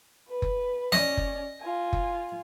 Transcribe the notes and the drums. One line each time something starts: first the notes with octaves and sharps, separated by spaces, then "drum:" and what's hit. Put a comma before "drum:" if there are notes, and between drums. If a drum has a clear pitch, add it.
B4
drum: kick F#1
C#4 D5 D#5, drum: snare
drum: kick F#1
F4 G#5
drum: kick F#1